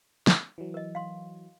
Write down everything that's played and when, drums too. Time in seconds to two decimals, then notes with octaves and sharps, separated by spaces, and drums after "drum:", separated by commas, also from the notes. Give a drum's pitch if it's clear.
0.27 drum: snare
0.58 E3 F#3
0.74 A#4 D#5
0.95 F5 C6